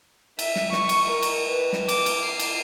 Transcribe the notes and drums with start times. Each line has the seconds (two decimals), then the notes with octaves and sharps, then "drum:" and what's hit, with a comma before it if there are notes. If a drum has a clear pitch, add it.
0.39 E5, drum: cymbal
0.56 drum: snare
0.72 C#6, drum: snare
0.89 drum: cymbal
1.11 A#4
1.23 drum: cymbal
1.48 B4
1.73 drum: snare
1.89 D6, drum: cymbal
2.06 drum: cymbal
2.23 C7
2.39 drum: cymbal